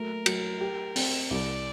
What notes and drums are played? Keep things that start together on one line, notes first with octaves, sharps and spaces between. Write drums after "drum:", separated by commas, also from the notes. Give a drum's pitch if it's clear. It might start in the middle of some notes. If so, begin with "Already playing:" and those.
Already playing: F#3 A3 A#3 A#4
F#3, drum: cymbal
G4
C4, drum: open hi-hat
C2 D5